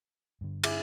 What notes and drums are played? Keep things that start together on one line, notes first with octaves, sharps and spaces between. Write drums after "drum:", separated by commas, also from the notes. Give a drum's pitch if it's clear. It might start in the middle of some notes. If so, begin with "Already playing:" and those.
G2 D3
E4 G#4 D6, drum: cymbal